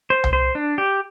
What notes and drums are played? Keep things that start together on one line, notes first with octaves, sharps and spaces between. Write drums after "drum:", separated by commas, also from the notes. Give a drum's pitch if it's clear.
C5
drum: tom C2
C5
D4
G4